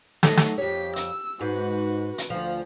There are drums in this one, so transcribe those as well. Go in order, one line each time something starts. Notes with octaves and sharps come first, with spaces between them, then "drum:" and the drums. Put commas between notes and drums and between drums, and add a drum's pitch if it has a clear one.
F#3 A3 D#4, drum: snare
drum: snare
F2 G4 C#5 B6
E6, drum: hi-hat
G#2 F#4 B4
drum: hi-hat
D2 F3